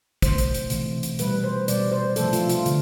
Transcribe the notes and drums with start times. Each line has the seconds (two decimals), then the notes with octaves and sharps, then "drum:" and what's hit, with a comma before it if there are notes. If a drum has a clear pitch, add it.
0.22 B2 A3 C5, drum: kick, hi-hat
0.38 drum: hi-hat
0.54 drum: hi-hat
0.70 C3 E3 A3, drum: hi-hat
1.03 drum: hi-hat
1.19 B2 G3 B4, drum: hi-hat
1.44 C5
1.68 B2 G3 D5, drum: hi-hat
1.92 C5
2.16 C3 F3 A3 A4, drum: hi-hat
2.33 F4, drum: hi-hat
2.49 F4, drum: hi-hat
2.66 D3, drum: hi-hat